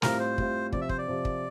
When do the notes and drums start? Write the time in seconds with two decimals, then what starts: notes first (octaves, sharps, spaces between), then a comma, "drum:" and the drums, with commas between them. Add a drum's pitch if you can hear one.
0.02 A2 G3 C4 F4 A#4, drum: snare
0.20 C5
0.38 A2 G3 C4 F4, drum: kick
0.73 C3 F3 C4 D5, drum: kick
0.81 E5
0.89 C5, drum: kick
0.98 D5
1.07 C3 F3 C4
1.25 drum: kick